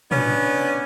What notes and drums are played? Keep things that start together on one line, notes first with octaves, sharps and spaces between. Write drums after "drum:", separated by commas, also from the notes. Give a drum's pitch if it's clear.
B3 C#4 D4, drum: tom